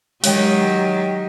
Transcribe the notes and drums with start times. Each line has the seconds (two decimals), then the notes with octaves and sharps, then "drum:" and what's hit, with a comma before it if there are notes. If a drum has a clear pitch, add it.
0.24 D#3 F#3 G#3 G4 C#5 G5, drum: open hi-hat